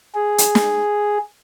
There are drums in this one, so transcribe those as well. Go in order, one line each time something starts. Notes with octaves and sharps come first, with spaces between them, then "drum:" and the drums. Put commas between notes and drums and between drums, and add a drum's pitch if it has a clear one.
G#4
drum: hi-hat
drum: snare